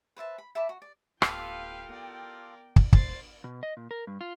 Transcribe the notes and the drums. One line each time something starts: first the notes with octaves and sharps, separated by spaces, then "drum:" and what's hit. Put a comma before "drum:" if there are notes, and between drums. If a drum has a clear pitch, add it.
B4 C5 E5 A5
B5
E5 A5 B5 D6
F#4
D5
D1 B3 F4 G4 A4 B4 F5 G5, drum: rim click
B3 A#4 D5
drum: kick
E1 C5 A6 C7, drum: kick
B2
D#5
A#2
A#4
G2
F4